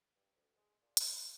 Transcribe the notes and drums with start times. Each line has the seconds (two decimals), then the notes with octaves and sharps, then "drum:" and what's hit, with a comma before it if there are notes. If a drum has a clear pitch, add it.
0.15 G2
0.35 D2
0.57 G#3
0.81 A#2
0.97 F4, drum: hi-hat
1.14 A#3